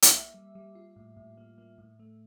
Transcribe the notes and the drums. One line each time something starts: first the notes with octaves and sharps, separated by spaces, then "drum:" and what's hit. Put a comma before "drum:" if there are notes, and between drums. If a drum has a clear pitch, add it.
drum: hi-hat
A#3 E5
G3
G3
F4
A2
A2
A#3
A#3
A2
A3